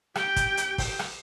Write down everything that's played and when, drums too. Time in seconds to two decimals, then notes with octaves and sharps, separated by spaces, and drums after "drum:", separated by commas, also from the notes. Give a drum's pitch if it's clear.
0.15 G4 G5, drum: rim click
0.36 drum: kick, hi-hat
0.57 drum: hi-hat
0.78 drum: kick, open hi-hat
0.99 drum: rim click